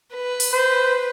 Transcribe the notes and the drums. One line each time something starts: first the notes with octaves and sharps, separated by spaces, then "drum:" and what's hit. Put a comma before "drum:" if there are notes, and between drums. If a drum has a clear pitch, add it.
B4
drum: open hi-hat
C5